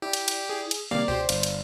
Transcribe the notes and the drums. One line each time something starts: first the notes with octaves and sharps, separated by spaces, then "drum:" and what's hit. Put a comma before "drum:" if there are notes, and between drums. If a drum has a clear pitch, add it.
E4 G4 D5
drum: cymbal
drum: cymbal
G#4
drum: cymbal
C3 D#3 G3 A#3 D5 F5
C#2 B2 G4 C5
G1 F5, drum: cymbal
drum: cymbal